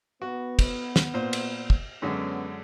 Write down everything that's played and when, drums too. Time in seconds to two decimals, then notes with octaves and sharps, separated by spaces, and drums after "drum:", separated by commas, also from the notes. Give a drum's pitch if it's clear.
0.22 B3 F#4
0.59 drum: kick, cymbal
0.96 drum: snare
1.14 A#2 C5
1.33 drum: cymbal
1.70 drum: kick
2.02 F#2 D3 G#3 B3 C#4